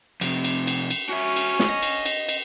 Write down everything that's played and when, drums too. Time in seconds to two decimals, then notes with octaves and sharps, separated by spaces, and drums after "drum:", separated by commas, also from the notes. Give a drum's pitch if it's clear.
0.21 F2 C3, drum: cymbal
0.44 drum: cymbal
0.67 drum: cymbal
0.90 drum: cymbal
1.09 C#4 F#4 E5
1.36 drum: cymbal
1.59 drum: snare
1.69 D#5
1.83 drum: cymbal
2.06 drum: cymbal
2.29 drum: cymbal